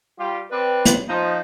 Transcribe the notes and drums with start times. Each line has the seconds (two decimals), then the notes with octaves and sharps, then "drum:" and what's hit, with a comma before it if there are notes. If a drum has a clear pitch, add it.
0.19 G3 F4 G4
0.51 C4 B4 D5
0.85 drum: hi-hat
1.08 F3 D#4